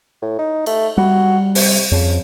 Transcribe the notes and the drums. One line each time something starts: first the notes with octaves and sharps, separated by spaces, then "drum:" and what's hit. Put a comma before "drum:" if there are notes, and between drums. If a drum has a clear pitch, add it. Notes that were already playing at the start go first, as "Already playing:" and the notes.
A2
D#4
A3, drum: cymbal
G3 F#4
C3, drum: open hi-hat
F2 C#3